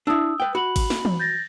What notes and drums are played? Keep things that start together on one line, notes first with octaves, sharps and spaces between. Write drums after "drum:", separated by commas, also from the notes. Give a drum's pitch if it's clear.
D4 E4 D#6 E6
B4 G5
F#4 B5 F#7
drum: kick G#1, cymbal
drum: snare
drum: tom E3
G6 A6 A#6